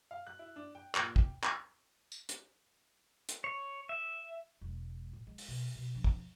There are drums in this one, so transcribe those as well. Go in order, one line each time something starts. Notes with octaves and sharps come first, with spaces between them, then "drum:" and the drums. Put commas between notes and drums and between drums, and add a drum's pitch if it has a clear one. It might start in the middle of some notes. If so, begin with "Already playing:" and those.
F5
F#6
E4
D4
G5
A#2, drum: clap
G5, drum: kick
drum: clap
drum: tambourine
drum: hi-hat
drum: hi-hat
C#5
E5
E1 G#3
A2
G#3
drum: open hi-hat
B2
B2
F3 D4
drum: kick